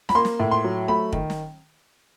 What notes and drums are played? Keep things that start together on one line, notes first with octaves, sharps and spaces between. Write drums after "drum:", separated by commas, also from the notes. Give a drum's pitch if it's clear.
B5, drum: snare
A#3 C6
drum: snare
A2
C6
F#3
A3 B5
D#3, drum: kick
drum: snare